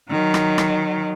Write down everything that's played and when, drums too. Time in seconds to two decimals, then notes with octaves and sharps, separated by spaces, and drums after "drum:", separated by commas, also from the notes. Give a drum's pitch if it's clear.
0.10 D#3 F#3
0.34 drum: rim click
0.58 drum: rim click